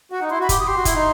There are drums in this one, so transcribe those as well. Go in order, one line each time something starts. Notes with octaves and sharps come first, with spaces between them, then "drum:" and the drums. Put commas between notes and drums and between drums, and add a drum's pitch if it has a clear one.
F#4 F#5
D#4
E4 C6
F#4 B5
G4, drum: kick, hi-hat
D#6
G4 C6
F#4
E4, drum: kick, hi-hat
D#4